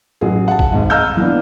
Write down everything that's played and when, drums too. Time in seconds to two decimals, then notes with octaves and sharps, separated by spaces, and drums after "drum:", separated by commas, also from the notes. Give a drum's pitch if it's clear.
0.21 A1 F#3 G#4
0.48 F#5 A5
0.59 drum: kick A1
0.72 G#1 G#2
0.90 D#5 F5 A#5 E6 F6 G6
1.17 E3 B3 D4